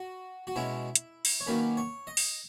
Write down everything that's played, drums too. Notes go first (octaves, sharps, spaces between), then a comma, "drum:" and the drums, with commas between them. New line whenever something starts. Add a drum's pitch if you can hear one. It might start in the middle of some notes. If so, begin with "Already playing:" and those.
Already playing: F#4
F#4
B2 G#3 C#4 E4
drum: hi-hat
drum: open hi-hat
C#5
D#3 F#3 A#3 C#4 B4
C#5
D#5
drum: open hi-hat